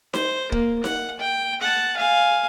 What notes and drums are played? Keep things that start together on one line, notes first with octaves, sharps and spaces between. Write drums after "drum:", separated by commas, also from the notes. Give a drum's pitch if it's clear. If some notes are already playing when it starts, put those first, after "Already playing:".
C5, drum: snare D#4
A#3, drum: kick
F#5, drum: snare D#4
G5
F#5 A5
F5 G#5